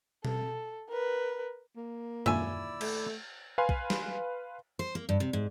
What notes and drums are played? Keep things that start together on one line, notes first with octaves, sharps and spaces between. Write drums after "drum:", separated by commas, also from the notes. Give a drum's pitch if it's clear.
A4, drum: tom B2
A#4 B4
A#3
D#2 A#2 D3 E4 D5 E5 G#5 E6, drum: tom
A3, drum: cymbal
B4 F5 G#5 C6
drum: kick B1
drum: snare
C5
A#3
G2
C3
G#2